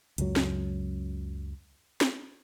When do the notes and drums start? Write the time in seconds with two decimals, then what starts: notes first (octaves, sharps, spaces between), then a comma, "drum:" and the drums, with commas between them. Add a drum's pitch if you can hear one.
0.18 C#2 F#2 F#3, drum: hi-hat
0.36 drum: snare
2.01 drum: snare